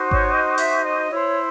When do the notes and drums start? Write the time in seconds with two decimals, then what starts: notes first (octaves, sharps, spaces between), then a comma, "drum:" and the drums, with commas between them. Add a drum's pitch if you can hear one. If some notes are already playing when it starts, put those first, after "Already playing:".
Already playing: D#4 F#4 C5
0.11 C#5, drum: kick G#1
0.31 D#5
0.58 E5, drum: open hi-hat
0.84 D#5
1.10 E4 C5 C#5